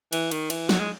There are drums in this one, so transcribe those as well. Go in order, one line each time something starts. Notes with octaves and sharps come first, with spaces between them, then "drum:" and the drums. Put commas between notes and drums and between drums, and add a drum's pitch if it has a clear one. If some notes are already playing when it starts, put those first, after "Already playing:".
E3, drum: cymbal
D#3, drum: cymbal
E3, drum: cymbal
F#3, drum: snare
G#3